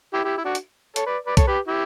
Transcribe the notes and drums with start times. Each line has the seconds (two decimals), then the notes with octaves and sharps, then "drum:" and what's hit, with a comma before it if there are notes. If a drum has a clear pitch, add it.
0.13 E4 G4
0.24 E4 G4
0.38 E4
0.45 D4 F#4
0.55 drum: hi-hat
0.96 A4 C#5, drum: hi-hat
1.06 B4 D5
1.26 B4 D5
1.37 A4 C#5, drum: kick B1, hi-hat
1.47 G4 B4
1.68 E4 G4